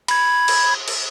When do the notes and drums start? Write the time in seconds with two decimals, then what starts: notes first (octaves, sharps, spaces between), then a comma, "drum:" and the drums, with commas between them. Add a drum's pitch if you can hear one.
0.08 B5 G#6, drum: cymbal
0.48 drum: cymbal
0.88 drum: cymbal